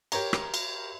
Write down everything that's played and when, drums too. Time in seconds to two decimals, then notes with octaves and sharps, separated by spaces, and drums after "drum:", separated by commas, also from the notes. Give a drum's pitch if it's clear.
0.12 G4 A#4 C#5 A#5, drum: cymbal
0.33 drum: rim click
0.54 drum: cymbal